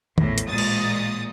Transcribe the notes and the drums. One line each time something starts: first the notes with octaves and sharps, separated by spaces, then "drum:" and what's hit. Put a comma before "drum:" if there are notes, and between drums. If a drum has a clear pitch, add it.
A#1 E2 A2, drum: tom
drum: hi-hat
A1 A#2 G#3 D#6 A6
drum: cymbal